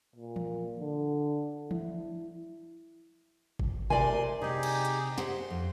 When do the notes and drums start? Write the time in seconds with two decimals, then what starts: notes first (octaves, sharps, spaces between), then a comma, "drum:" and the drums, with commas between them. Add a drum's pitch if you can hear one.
0.16 A#2
0.36 drum: tom E3
0.79 D3
1.71 E4, drum: tom E3
3.59 drum: kick G#1
3.90 C3 A3 E4 A#4 D5 G#5 C6, drum: tom B2
4.41 C3 D#4 G4 G#4 D#5
4.63 drum: cymbal
4.85 drum: hi-hat
5.18 G4 C5 F#5 C6, drum: snare
5.50 F2